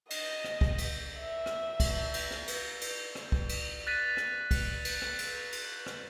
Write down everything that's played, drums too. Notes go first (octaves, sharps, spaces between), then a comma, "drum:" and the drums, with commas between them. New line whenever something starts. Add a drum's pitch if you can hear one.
D#5, drum: cymbal
drum: rim click
drum: kick
drum: cymbal
E5
drum: rim click
drum: kick, cymbal
drum: cymbal
drum: rim click
drum: cymbal
drum: cymbal
drum: rim click
drum: kick
drum: cymbal
F#6 A6 B6 D#7
drum: rim click
drum: kick, cymbal
drum: cymbal
drum: rim click
drum: cymbal
drum: cymbal
drum: rim click